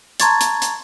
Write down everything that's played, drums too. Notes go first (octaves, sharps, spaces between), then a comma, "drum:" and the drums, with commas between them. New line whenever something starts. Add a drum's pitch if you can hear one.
A5 A#5 C6 C#6 G#6 A6, drum: hi-hat
drum: hi-hat
drum: hi-hat